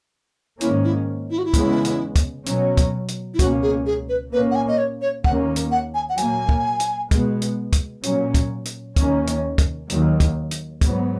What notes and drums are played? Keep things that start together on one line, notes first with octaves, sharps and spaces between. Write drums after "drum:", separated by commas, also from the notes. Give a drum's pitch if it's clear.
G#2 D#3 A#3 C#4 E4, drum: hi-hat
E4
E4
F#4
E4
E2 C#3 G#3 B3, drum: kick, hi-hat
drum: hi-hat
drum: kick, hi-hat
B2 F#3 C#4, drum: hi-hat
drum: kick, hi-hat
drum: hi-hat
E4
C#2 B2 A#3 C#4 F#4, drum: kick, hi-hat
G#4
G#4
B4
A#2 A#3 C#4 B4
F#5
G#5
D#5
C#5
C#5
D#2 D#3 A#3 C#4 F#5, drum: kick
drum: hi-hat
F#5
G#5
F#5
A#2 F#3 A#3 G#5, drum: hi-hat
drum: kick
drum: hi-hat
B2 G#3 B3, drum: kick, hi-hat
drum: hi-hat
drum: kick, hi-hat
A#2 F#3 C#4, drum: hi-hat
drum: kick, hi-hat
drum: hi-hat
D#2 D#3 A#3 C#4, drum: kick, hi-hat
drum: hi-hat
drum: kick, hi-hat
D#2 D#3 F#3, drum: hi-hat
drum: kick, hi-hat
drum: hi-hat
G#2 F#3 B3, drum: kick, hi-hat